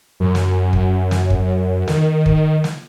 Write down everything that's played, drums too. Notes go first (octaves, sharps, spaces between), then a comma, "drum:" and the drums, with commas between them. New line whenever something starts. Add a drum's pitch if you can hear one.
F#2
drum: snare
drum: kick
drum: snare
drum: kick
D#3, drum: snare
drum: kick
drum: snare